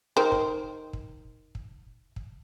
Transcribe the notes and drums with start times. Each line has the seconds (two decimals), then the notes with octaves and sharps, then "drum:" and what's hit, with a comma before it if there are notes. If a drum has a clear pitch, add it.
0.17 D#3 A#4 C5
0.32 drum: kick
0.93 drum: kick
1.55 drum: kick
2.16 drum: kick